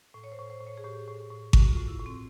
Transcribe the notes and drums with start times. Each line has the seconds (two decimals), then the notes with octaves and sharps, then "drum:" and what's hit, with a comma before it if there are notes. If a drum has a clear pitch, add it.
0.14 A2
0.24 C#5
0.32 C5
0.38 A2
0.50 C5
0.61 A2
0.67 C#5
0.78 G#4
0.84 A2 G4
1.08 A2
1.30 A2
1.53 A2 F#4, drum: kick G#1
1.71 F4
1.77 A2
1.88 E4
1.99 A2
2.06 C4